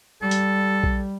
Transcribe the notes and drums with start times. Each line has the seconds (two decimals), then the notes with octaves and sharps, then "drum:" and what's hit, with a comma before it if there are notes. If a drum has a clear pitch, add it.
0.22 G3 A4
0.31 drum: hi-hat
0.84 drum: kick A#1